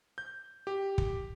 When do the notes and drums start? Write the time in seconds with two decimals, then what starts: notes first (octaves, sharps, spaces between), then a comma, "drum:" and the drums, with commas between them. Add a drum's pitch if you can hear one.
0.18 G6
0.67 G4
0.98 drum: kick